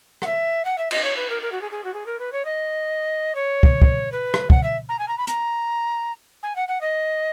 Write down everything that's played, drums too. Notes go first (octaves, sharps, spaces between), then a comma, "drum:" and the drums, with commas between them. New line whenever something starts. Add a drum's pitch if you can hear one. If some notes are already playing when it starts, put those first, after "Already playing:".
F#5, drum: rim click
E5
F#5
E5
D#5, drum: cymbal
C#5
B4
A#4
A#4
F#4
G#4
G#4
F#4
G#4
A#4
B4
C#5
D#5
C#5
drum: kick
drum: kick
B4
drum: rim click
F#5, drum: kick
E5
A#5
G#5
A#5
B5
A#5, drum: hi-hat
G#5
F#5
F#5
D#5